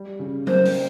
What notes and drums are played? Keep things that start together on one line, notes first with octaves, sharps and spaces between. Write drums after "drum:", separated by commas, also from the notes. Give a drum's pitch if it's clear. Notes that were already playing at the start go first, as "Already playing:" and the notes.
Already playing: G3
C#3
A#3 C5, drum: tom F#3
drum: open hi-hat